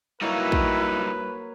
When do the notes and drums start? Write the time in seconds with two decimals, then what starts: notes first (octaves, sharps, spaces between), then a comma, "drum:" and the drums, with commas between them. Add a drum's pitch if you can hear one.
0.21 G2 F#3 A#3 D#4 E4 B4 C#5
0.52 drum: kick